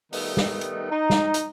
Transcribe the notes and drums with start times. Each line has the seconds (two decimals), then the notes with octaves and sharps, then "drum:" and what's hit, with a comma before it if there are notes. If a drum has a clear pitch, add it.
0.13 D#3 G3 A3 B3 D#4, drum: open hi-hat
0.37 drum: snare
0.61 drum: hi-hat
0.91 D#4
1.10 drum: snare
1.34 drum: hi-hat